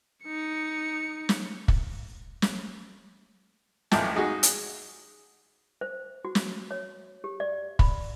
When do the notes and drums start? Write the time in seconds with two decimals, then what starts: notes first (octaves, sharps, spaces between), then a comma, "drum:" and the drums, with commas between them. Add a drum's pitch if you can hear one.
0.24 D#4 C#7
1.29 drum: snare
1.68 drum: kick
2.42 drum: snare
3.91 A1 D#2 E3 F4 G5 A5, drum: snare
4.15 G#3 D#4 F#4 G#4
4.43 drum: hi-hat
5.81 C5
6.25 F#4
6.35 drum: snare
6.71 C#5
7.24 G4
7.40 D5
7.79 B5, drum: kick